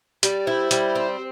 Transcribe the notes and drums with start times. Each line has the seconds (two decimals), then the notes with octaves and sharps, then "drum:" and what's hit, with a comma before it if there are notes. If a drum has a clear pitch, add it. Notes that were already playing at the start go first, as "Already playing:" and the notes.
0.23 G3 D5, drum: hi-hat
0.47 E4 C5
0.71 G3, drum: hi-hat
0.95 C4